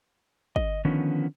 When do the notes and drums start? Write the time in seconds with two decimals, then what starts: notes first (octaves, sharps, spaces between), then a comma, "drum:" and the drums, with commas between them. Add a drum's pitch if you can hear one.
0.56 D#5, drum: kick
0.85 D3 D#3 F3 B3 C#4